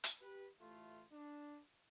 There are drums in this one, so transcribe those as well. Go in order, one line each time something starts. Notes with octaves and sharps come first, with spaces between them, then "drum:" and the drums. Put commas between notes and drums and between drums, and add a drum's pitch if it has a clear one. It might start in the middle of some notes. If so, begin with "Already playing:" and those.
drum: hi-hat
G4 B4
A1 A3 F4
D4